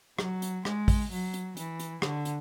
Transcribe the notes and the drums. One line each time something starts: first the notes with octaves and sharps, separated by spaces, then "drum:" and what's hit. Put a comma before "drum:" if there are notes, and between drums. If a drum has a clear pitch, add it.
F#3, drum: rim click
drum: hi-hat
G#3, drum: rim click
drum: kick, open hi-hat
F#3, drum: open hi-hat
drum: hi-hat
E3, drum: hi-hat
drum: hi-hat
D3, drum: rim click
drum: hi-hat